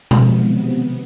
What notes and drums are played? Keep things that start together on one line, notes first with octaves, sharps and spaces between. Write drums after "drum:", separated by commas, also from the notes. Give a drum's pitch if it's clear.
C3 D#3 F3 F#3 G#3 B3, drum: tom B2
C3 B3